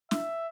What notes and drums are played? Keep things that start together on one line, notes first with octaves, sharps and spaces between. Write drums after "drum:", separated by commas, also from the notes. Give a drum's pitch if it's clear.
E5, drum: snare